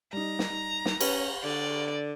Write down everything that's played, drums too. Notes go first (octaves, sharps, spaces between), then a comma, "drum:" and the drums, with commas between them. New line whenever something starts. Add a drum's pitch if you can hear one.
G3 D#4 A#5
drum: snare
drum: snare
C#4 B4, drum: cymbal
D3 D5